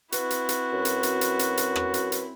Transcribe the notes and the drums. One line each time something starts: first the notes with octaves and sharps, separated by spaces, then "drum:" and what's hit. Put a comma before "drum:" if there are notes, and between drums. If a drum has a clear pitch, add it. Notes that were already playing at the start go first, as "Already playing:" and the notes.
C4 E4 F#4 B4, drum: hi-hat
drum: hi-hat
drum: hi-hat
F#2
drum: hi-hat
drum: hi-hat
drum: hi-hat
drum: hi-hat
drum: hi-hat
drum: rim click
drum: hi-hat
drum: hi-hat